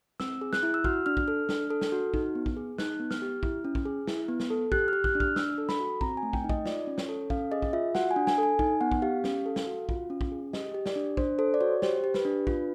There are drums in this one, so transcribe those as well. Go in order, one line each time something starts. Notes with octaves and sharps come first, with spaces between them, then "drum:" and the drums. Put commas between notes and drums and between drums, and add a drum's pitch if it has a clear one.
C4 E6, drum: snare
G#4
F#6, drum: snare
E4
E6
F#4 F6, drum: kick
D4 F6
drum: kick
A4 F6
D4, drum: snare
A4
drum: snare
F#4
D#4, drum: kick
B3
drum: kick
G#4
D#4 F#6, drum: snare
B3
F6, drum: snare
G4
E4, drum: kick
C#4
drum: kick
G#4
E4, drum: snare
B3
drum: snare
A4
G4 F#6, drum: kick
G4 F6
F#6, drum: kick
D4
F6, drum: kick
D4 E6, drum: snare
A4
B5, drum: snare
F#4
C4 A#5, drum: kick
G#5
A3
G5, drum: kick
D#4
D#5, drum: kick
F4 D5, drum: snare
C#4
C#5, drum: snare
A4
C#4 F5, drum: kick
G#4 D#5
drum: kick
F4 E5
F#4 F#5, drum: snare
G#5
D4
G#5, drum: snare
A4
G#5
D#4 G#5, drum: kick
B3 F#5
drum: kick
G4 F5
C#4, drum: snare
A4
drum: snare
F#4
F4, drum: kick
C#4
drum: kick
G#4
G4 D#5, drum: snare
G4
D5, drum: snare
D4
D4 C5, drum: kick
A4 C5
D5
F#4 C#5
G4 C5, drum: snare
G4
B4, drum: snare
D4
F4, drum: kick